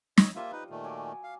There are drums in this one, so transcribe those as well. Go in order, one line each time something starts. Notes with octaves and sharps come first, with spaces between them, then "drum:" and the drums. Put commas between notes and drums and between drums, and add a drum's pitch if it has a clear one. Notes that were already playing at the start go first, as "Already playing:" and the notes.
C#5 D#5 E6, drum: snare
F3 G3 A#3 F4 D#5 E5
D#4 B4
A#2 D#3 A3
F#3 D5 G#5
F5